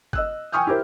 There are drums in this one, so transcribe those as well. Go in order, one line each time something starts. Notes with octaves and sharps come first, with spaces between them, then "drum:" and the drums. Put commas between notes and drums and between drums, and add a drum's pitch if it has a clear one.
D#5 E6 F#6, drum: kick F#1
G5 G#5 C#6 D#6 F6 G6
E4 G4 A#4 C5